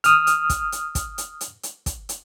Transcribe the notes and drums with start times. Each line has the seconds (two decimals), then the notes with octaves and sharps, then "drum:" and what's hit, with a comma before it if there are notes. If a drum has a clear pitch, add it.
0.04 D#6 F6, drum: hi-hat
0.27 drum: hi-hat
0.50 drum: kick, hi-hat
0.72 drum: hi-hat
0.95 drum: kick, hi-hat
1.18 drum: hi-hat
1.41 drum: hi-hat
1.63 drum: hi-hat
1.86 drum: kick, hi-hat
2.09 drum: hi-hat